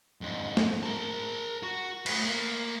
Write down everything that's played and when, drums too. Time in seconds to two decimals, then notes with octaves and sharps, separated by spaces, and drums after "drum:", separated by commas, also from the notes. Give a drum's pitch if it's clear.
0.21 F2 G#2
0.57 drum: snare
0.83 A#4 A5
1.63 F#4
2.06 A3 B4, drum: cymbal
2.24 A#3